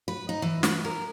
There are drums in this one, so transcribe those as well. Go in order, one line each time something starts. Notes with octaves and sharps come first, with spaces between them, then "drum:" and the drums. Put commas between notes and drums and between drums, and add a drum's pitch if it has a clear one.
B4
D#4
E3
B4, drum: snare
A#4